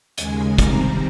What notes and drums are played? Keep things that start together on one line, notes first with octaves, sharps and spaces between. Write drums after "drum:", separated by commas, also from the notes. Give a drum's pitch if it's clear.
D#2 C#3 G#3 G#5, drum: hi-hat
C3 D#3 G3 C4 A#5, drum: kick, hi-hat